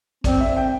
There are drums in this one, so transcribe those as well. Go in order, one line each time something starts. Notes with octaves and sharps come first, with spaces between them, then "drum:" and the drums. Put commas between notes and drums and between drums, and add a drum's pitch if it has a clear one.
C4 D5, drum: kick A1, hi-hat
E5
G5